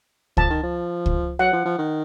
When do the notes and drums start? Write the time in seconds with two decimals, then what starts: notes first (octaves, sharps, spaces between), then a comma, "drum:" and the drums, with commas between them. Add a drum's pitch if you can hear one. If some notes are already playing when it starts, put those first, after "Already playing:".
0.37 F3 A5, drum: kick C#2
0.50 D#3
0.63 F3
1.06 drum: kick C#2
1.39 F#3 F#5
1.53 F3
1.65 F3
1.78 D#3